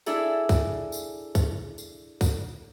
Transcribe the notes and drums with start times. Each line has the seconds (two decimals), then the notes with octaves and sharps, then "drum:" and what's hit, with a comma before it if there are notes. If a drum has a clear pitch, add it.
0.06 D4 E4 G#4 A4 E5, drum: tambourine
0.49 drum: kick, tambourine
0.92 drum: tambourine
1.35 drum: kick, tambourine
1.78 drum: tambourine
2.21 drum: kick, tambourine